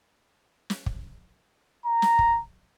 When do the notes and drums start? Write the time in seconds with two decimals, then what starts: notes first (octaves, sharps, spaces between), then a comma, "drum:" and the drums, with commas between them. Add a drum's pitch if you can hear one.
0.70 drum: snare
0.86 drum: kick
1.86 A#5
2.02 drum: snare
2.19 drum: kick